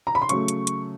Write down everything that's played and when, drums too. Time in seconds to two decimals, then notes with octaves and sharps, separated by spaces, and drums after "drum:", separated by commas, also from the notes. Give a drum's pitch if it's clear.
0.07 A#5
0.15 B5
0.22 C6
0.29 C#3 F#3 A3 C#6, drum: hi-hat
0.48 drum: hi-hat
0.67 drum: hi-hat